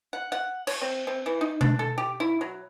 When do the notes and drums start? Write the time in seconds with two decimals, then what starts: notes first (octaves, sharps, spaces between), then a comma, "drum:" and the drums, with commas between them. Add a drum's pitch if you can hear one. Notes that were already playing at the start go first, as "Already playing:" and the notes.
0.13 F#5
0.32 F#5
0.67 C#5, drum: cymbal
0.82 C4
1.07 C4
1.26 E3
1.41 D#4
1.61 D4, drum: tom B2
1.79 A4
1.98 G4
2.20 E4
2.41 F#3